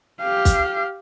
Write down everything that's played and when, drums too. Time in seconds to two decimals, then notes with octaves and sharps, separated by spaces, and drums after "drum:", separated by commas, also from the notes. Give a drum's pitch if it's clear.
0.21 G4 F5
0.45 drum: kick, hi-hat